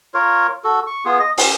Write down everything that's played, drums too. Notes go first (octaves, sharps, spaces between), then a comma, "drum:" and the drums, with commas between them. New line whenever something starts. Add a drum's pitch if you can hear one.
F4 A#4 C#5
F#4 A4
C#6
B3 F4 G#4
D#5
C#4, drum: open hi-hat